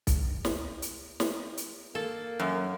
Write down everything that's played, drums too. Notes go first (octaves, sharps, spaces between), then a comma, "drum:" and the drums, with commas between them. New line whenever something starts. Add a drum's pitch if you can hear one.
drum: kick B1, hi-hat
drum: snare
drum: hi-hat
drum: snare
drum: hi-hat
A#3 A4
F#2